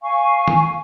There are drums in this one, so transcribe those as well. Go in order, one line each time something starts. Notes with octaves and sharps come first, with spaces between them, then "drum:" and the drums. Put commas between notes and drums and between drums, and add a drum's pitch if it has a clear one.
F5 G#5 C#6
drum: tom D#3